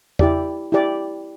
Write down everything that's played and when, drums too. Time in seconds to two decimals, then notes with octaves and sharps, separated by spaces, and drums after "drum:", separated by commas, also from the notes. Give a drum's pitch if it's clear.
0.19 E4 G4 D5, drum: tom E2
0.72 E4 G4 D5